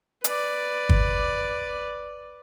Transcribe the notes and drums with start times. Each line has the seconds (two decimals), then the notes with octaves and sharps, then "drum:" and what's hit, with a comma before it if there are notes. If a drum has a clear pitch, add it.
0.24 B4 D5, drum: hi-hat
0.89 drum: kick